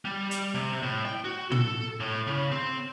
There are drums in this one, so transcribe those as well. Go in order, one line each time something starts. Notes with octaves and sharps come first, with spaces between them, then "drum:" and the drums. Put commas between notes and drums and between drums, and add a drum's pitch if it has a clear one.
G3
drum: hi-hat
C3
A2
G5
F#4
A4, drum: tom
A2
C#3
C4